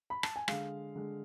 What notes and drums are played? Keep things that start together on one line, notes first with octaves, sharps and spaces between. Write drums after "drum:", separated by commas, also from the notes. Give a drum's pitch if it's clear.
B5
A5, drum: rim click
G#5
D3 G#3 F5, drum: rim click
D3 G#3